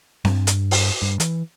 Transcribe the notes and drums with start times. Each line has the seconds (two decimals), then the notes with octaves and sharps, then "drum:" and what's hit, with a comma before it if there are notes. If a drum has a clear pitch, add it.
0.25 G2, drum: snare C4
0.47 drum: hi-hat
0.71 drum: open hi-hat
1.02 G2
1.20 E3, drum: hi-hat